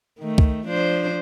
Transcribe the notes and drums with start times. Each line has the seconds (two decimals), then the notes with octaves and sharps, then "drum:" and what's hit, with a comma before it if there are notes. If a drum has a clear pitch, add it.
0.19 D#3 A3
0.38 drum: kick C#2
0.67 F3 D4 C5